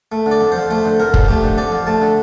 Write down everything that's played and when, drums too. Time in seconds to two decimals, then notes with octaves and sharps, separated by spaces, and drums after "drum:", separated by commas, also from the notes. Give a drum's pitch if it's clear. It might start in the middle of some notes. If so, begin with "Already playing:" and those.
0.12 A3
0.26 D3
0.31 D5
0.41 F2
0.52 F3 C5
0.70 A3 C5
0.85 D3
1.00 F2 A#4
1.14 F3, drum: kick
1.28 A3 G4
1.43 D3
1.58 F2 D5
1.72 F3
1.87 A3 A5
2.01 D3